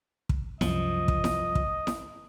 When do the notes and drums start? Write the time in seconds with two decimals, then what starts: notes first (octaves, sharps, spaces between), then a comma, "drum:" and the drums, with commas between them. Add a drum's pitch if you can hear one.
0.29 drum: kick
0.61 C2 F#2 F3 D#5, drum: snare E4
1.08 drum: kick
1.24 drum: snare E4
1.55 drum: kick
1.87 drum: snare E4